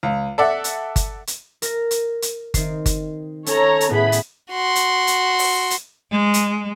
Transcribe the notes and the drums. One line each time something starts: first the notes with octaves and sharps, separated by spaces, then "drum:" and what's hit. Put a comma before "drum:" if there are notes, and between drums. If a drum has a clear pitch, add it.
C#2
A4 D5 E5 F#5
drum: hi-hat
drum: kick G1, hi-hat
drum: hi-hat
A#4 A#6, drum: hi-hat
drum: hi-hat
drum: hi-hat
D#3 C4 C7, drum: kick G1, hi-hat
drum: kick G1, hi-hat
C#4 A4 C#5 A5 A#5, drum: hi-hat
drum: hi-hat
A2 B3 G#4 B5
drum: hi-hat
F#4 C6
drum: hi-hat
drum: hi-hat
drum: open hi-hat
drum: hi-hat
G#3
drum: hi-hat